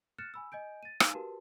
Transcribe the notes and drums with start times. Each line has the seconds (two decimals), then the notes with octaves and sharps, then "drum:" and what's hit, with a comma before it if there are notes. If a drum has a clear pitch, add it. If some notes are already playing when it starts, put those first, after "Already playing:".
0.18 F6 F#6 A6 C#7 E7
0.34 G#5 B5 E6
0.52 D#5 G#5 G6 D7
0.83 A6 D#7
1.00 D#4 F5 G#5, drum: rim click
1.13 F#4 G4 A#4 B4 A5